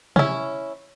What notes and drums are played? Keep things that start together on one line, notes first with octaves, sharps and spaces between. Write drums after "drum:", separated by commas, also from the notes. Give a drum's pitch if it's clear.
C#4 E4, drum: tom C3